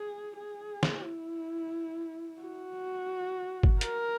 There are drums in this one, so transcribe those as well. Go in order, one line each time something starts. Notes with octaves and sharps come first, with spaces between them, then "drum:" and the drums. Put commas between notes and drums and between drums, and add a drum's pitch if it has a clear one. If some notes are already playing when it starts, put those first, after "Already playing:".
Already playing: G#4
G#4
drum: snare
E4
F#4
drum: kick G1
A#4, drum: hi-hat